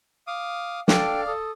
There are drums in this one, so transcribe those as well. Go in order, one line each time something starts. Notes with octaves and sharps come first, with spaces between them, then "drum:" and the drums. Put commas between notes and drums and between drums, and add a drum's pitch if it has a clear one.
F5 D6 D#6
D4 A4 D5 F5 G5, drum: snare
A4 D#6